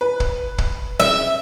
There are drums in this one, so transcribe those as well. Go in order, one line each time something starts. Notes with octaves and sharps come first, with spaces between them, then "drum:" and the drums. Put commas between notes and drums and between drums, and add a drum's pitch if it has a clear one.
B4
drum: kick
drum: kick
E5, drum: snare